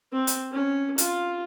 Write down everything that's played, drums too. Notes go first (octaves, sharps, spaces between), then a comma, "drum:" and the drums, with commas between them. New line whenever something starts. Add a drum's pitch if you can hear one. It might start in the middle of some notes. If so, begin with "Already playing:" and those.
C4
drum: hi-hat
C#4
F4, drum: hi-hat